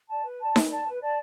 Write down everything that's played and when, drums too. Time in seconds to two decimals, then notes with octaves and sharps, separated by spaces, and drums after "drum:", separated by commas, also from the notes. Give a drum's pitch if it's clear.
0.09 D5 A5
0.25 B4
0.40 D5 A5
0.56 B4, drum: snare D#4
0.70 D5 A5
0.86 B4
1.02 D5 A5